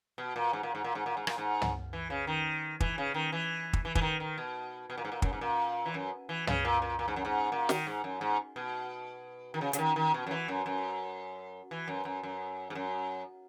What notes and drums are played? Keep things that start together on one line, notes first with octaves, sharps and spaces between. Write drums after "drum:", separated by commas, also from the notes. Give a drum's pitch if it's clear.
B2
A#2
G#2
A#2
G#2
A#2
G#2
A#2
G#2
A#2, drum: rim click
G#2
drum: tom
E3
C#3
D#3
E3, drum: kick
C#3
D#3
E3
drum: kick
E3
E3, drum: kick
D#3
D#3
B2
B2
A#2
G#2
A#2
F#2, drum: kick
G#2
A#2
E3
F#2
E3
C#3, drum: tom
A#2
A#2
A#2
G#2
F#2
G#2
A#2
D#3, drum: snare
G#2
F#2
G#2
B2
D#3
C#3
C#3, drum: hi-hat
D#3
D#3
B2
F#2
E3
F#2
F#2
E3
F#2
F#2
F#2
G#2
F#2